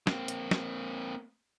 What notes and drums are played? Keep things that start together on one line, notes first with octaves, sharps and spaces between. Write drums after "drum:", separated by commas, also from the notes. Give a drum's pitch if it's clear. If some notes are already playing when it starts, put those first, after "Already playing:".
A#3 C4, drum: snare
drum: hi-hat
drum: snare